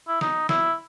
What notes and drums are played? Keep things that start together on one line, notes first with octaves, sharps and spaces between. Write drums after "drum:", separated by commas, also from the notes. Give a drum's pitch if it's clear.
E4
D#4, drum: snare
E4, drum: snare